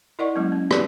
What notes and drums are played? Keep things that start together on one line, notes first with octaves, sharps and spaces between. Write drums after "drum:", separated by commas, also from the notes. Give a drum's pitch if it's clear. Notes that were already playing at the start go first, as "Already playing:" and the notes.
E4 A#4 D5 D#5 F#5 C#6
F#3 G#3 A#3 C#4
C#4
B4 D5, drum: rim click